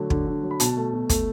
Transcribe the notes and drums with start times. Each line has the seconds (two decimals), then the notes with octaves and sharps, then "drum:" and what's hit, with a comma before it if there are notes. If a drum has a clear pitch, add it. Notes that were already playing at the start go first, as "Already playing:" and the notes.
Already playing: D3 F#3 A3
0.10 D3, drum: kick
0.27 D3
0.43 F#3
0.51 B5
0.60 B2 A5, drum: hi-hat
0.77 A3
0.93 B2
1.09 A3, drum: kick, hi-hat